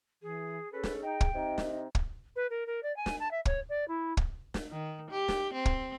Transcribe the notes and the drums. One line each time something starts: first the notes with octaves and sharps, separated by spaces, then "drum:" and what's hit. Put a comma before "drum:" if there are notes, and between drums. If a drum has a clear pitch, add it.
E3 G#4
C#4 G#4 A4 B4
drum: snare
D#4 G5
drum: kick
C3 C4 D#4 D#5
drum: snare
drum: kick
B4
A#4
A#4
D5
G#5
drum: snare
A5
E5
C#5, drum: kick
D5
E4
drum: kick
drum: snare
D#3
G4
drum: snare
C4
drum: kick